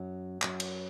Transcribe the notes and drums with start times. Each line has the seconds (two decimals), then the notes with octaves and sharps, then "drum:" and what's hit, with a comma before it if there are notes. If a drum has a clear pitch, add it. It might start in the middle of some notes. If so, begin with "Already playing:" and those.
Already playing: F#2 F#3
0.42 F#2 F#3, drum: clap
0.60 drum: cymbal